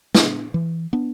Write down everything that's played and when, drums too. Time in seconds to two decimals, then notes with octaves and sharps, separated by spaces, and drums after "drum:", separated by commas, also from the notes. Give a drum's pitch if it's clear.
0.15 B3 D4, drum: snare
0.54 E3
0.93 B3 D4